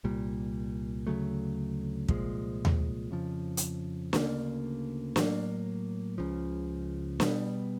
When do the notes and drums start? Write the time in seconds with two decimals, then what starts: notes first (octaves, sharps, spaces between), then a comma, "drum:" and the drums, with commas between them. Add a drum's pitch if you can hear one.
0.04 C2 A#2 G3
1.07 D2 C#3 F#3 A3
2.08 C2 A#2 F3 G#3, drum: kick
2.65 drum: tom D#2
3.11 F2 C#3 F3
3.57 drum: hi-hat
4.13 D2 C#3 F#3 A#3, drum: snare
5.16 A2 F#3 A#3, drum: snare
6.18 C#2 C#3 F3
7.20 B2 G3 B3, drum: snare